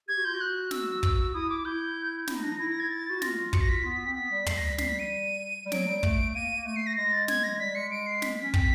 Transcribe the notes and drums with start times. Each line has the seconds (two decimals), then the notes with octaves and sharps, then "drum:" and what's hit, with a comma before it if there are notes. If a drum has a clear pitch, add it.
0.08 G4 G#6
0.17 F#4
0.25 F4 G6
0.35 F#4
0.41 F#6
0.71 E6, drum: snare
1.03 drum: kick
1.33 E4 D#6
1.50 D6
1.65 E4 G6
2.27 E4, drum: snare
2.35 D#4
2.42 D4 A#6
2.50 D#4
2.59 E4 A#6
2.70 A#6
2.80 G#6
2.90 A6
3.10 F#4
3.22 F4 A#6, drum: snare
3.53 F#4 C#7, drum: kick
3.61 A#6
3.69 F4 B6
3.85 B3
4.06 C4
4.15 B3 B6
4.31 G3
4.46 G3 C7, drum: tom
4.58 A#6
4.68 B6
4.78 C7, drum: snare
4.88 B6
4.99 D#7
5.66 G3
5.72 F#3 D7, drum: snare
5.88 G3
6.03 A3, drum: kick
6.34 A#3 D#7
6.56 A#3
6.66 A3 D#7
6.76 C7
6.87 A#6
6.97 G#3 A#6
7.12 A6
7.28 G#6, drum: snare
7.44 A#6
7.59 G3 B6
7.75 G#3 C#7
7.91 D7
8.07 C7
8.22 B6, drum: snare
8.38 C#4 B6
8.54 C4 B6, drum: kick